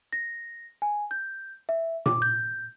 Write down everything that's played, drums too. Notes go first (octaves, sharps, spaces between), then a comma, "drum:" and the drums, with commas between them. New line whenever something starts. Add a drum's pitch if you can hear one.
A#6
G#5
G6
E5
D6, drum: tom A#2
G6